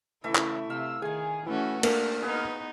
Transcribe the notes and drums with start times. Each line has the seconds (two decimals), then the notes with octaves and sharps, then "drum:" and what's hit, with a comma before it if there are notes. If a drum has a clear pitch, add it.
0.24 C#3 E3 A3 E4 E5
0.35 drum: clap
0.70 C3 F5 E6
1.02 D#3 G#4 F5 G#5
1.47 E3 A3 C#4 F#4
1.83 A#3 D4 F6, drum: cymbal
2.22 B3 D#4 G#4 B4